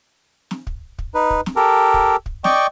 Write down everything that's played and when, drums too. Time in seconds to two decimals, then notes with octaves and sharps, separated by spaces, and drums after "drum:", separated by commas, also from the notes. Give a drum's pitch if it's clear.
0.51 drum: snare
0.67 drum: kick
0.99 drum: kick
1.14 D#4 B4
1.30 drum: kick
1.46 drum: snare
1.56 G4 A4 A#4
1.94 drum: kick
2.26 drum: kick
2.44 D5 D#5 G5 C#6, drum: snare